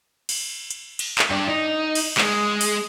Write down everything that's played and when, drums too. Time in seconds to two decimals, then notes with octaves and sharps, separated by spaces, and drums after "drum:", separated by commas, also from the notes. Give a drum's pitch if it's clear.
0.29 drum: cymbal
0.71 drum: hi-hat
0.99 drum: cymbal
1.19 drum: clap
1.30 G2 D4
1.49 D#4
1.95 drum: cymbal
2.18 G#3, drum: clap
2.61 drum: open hi-hat